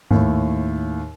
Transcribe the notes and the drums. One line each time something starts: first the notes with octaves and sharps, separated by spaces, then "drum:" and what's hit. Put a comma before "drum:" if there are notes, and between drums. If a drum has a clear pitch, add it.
D#2 A2, drum: tom G#2